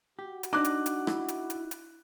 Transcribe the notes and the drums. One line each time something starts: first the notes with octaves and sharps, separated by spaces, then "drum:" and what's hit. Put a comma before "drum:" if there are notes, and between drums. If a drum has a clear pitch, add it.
F#4 G4
drum: hi-hat
D4 D#4 D6 F#6
drum: hi-hat
drum: hi-hat
E4, drum: rim click
drum: hi-hat
drum: hi-hat
drum: hi-hat